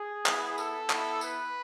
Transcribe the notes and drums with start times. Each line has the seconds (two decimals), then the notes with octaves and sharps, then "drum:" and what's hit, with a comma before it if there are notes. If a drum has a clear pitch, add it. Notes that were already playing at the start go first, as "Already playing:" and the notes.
Already playing: G#4
0.26 B3 E4, drum: clap
0.58 A4, drum: tambourine
0.90 B3 E4, drum: clap
1.21 B4, drum: tambourine